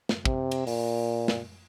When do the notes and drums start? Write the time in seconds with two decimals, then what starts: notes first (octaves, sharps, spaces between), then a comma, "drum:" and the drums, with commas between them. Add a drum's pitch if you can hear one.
0.09 drum: snare
0.25 C3, drum: kick
0.51 drum: cymbal
0.67 A#2, drum: open hi-hat
1.28 drum: snare